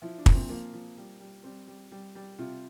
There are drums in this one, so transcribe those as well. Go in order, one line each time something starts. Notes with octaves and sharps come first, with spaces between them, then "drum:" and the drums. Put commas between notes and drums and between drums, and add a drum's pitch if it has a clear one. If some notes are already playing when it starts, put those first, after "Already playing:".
F3 E4
D4
A#2, drum: kick
C4
F3 A#3
F3
G3
G3
G3 C4
G3
G3
G3
C3 F4